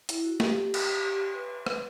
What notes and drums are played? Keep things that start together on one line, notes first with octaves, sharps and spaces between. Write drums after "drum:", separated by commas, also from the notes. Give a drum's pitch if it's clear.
E4, drum: hi-hat
F#4
G4, drum: snare
drum: cymbal
G4
B4
B4, drum: rim click